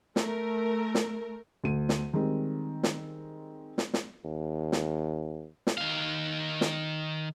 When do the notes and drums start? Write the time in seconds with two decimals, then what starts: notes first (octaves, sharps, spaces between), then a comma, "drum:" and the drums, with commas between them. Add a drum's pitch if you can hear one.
0.16 A3 A#4, drum: snare
0.95 drum: snare
1.64 D2 D#7
1.89 drum: snare
2.13 D#3 G3 G#3 C4
2.83 drum: snare
3.78 drum: snare
3.94 drum: snare
4.24 D#2
4.72 drum: snare
5.67 drum: snare
5.78 D#3 F5
6.61 drum: snare